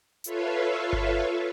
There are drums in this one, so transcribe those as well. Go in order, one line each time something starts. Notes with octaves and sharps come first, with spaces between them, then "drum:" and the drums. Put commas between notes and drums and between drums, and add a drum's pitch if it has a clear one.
F4 A4 B4 C#5 E5 F5, drum: hi-hat
drum: kick G1